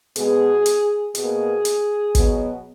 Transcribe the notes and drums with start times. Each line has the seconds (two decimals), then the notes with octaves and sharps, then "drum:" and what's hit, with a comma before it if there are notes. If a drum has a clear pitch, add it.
0.16 B2 G#3 B3 G#4, drum: hi-hat
0.66 drum: hi-hat
1.15 B2 A#3 G#4, drum: hi-hat
1.65 drum: hi-hat
2.15 B2 F#3 B3, drum: kick, hi-hat